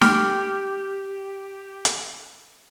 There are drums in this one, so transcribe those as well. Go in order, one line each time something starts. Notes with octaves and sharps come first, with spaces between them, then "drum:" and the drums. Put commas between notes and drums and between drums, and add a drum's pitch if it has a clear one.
G4 F6, drum: snare
drum: hi-hat